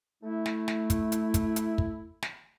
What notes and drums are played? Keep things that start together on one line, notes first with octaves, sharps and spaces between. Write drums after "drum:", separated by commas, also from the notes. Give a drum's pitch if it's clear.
A3 E4
drum: snare
drum: snare
drum: kick, hi-hat
drum: hi-hat
drum: kick, hi-hat
drum: hi-hat
drum: kick
drum: snare